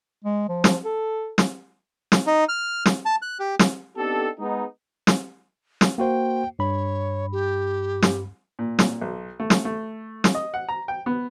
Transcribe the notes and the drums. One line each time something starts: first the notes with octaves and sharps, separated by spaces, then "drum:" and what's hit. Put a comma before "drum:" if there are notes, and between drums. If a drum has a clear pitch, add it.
G#3
F3
drum: snare
A4
drum: snare
drum: snare
D#4
F6
drum: snare
A5
F#6
G4
drum: snare
B3 C4 D4 D#4 G4 A4
G#3 B3 D#4
drum: snare
drum: snare
A#3 F#4 C5 G5
G2 C#5 B5
G4
drum: snare
A#2
A#2, drum: snare
B1
A3
drum: snare
A3
drum: snare
D#5
F#5
A#5
G5
B3